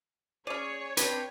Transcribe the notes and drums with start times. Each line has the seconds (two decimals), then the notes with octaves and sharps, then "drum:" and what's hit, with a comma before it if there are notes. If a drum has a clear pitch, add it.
0.47 C#4 G#4 C#5 D5
0.97 C4 D4 G4 B4, drum: hi-hat